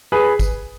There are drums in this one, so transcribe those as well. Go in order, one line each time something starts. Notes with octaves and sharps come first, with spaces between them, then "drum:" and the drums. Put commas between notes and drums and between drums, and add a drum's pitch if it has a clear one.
G#4 B4
drum: kick, tambourine